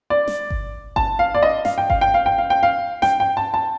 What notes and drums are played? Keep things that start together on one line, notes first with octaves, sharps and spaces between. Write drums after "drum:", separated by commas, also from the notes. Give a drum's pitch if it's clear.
D5
drum: snare
drum: kick G1
A5, drum: kick G1
F5
D5
D#5
F5, drum: snare
G5
F5, drum: kick G1
G5
F5
G5
F5
G5
F5
G5, drum: snare
G5
A5
A5